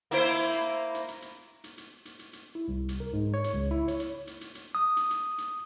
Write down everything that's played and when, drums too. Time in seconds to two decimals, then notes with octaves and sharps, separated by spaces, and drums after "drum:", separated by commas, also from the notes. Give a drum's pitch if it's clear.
0.11 A#3 E4 C5, drum: hi-hat
0.25 drum: hi-hat
0.39 drum: hi-hat
0.53 drum: hi-hat
0.94 drum: hi-hat
1.08 drum: hi-hat
1.22 drum: hi-hat
1.64 drum: hi-hat
1.78 drum: hi-hat
2.05 drum: hi-hat
2.19 drum: hi-hat
2.33 drum: hi-hat
2.55 E4
2.68 C2
2.89 drum: hi-hat
3.00 A#4
3.13 G#2
3.34 C#5
3.44 drum: hi-hat
3.53 C#2
3.71 E4
3.88 C#5, drum: hi-hat
3.99 drum: hi-hat
4.27 drum: hi-hat
4.41 drum: hi-hat
4.55 drum: hi-hat
4.75 D#6
4.97 drum: hi-hat
5.10 drum: hi-hat
5.38 drum: hi-hat